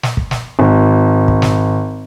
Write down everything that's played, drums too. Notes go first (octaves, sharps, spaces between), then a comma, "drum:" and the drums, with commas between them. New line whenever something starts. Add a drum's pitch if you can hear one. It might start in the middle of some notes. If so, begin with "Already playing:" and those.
drum: snare
drum: kick
drum: snare
G#1
drum: kick
drum: snare